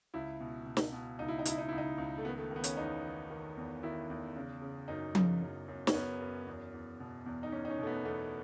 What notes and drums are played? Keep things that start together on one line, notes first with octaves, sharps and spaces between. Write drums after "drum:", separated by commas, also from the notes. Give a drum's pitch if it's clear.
C#2 E4
B2
B2
drum: snare
B2
C#2 D#4
E4
D#4
C#2 E4, drum: hi-hat
D#4
C#2 E4
D#4
C#2
A3
D#3 B3
A3
D#3 B3
C#4, drum: hi-hat
E2 D#4
D#3
D#3
E2
D#3 E4
E2
C#3
C#3
F#2 D#4
C#3, drum: tom F3
F#2
F#2
C#4, drum: snare
F#2 B3
F#2
E2
E2
B2
E2
D#4
E2 C#4
D#4
C#4
B2 A3
B3
E2 A3